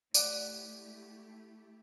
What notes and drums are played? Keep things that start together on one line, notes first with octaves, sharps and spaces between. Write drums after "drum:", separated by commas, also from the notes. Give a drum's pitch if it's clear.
A3 E4 G4 D5 F#5, drum: tambourine